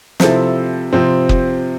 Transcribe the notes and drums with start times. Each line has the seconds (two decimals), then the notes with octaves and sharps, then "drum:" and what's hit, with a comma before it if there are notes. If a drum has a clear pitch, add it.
0.20 C3 F3 C4 E4 A4, drum: snare
0.93 C3 F3 C4
1.29 drum: kick